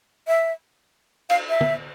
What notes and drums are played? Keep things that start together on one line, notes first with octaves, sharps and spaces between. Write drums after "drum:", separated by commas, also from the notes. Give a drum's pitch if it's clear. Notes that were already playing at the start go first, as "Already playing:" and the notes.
E5
F5, drum: cymbal
E5
drum: tom